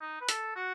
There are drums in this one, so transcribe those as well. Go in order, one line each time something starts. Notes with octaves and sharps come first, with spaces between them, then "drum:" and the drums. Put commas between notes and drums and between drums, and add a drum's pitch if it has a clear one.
D#4
B4
A4, drum: hi-hat
F#4